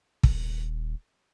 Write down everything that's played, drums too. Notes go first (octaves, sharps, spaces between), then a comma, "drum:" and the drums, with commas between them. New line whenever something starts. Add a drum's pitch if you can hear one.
D#1, drum: kick